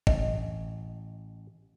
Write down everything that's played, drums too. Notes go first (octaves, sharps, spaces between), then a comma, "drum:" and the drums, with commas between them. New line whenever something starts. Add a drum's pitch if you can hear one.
A1 D#5, drum: kick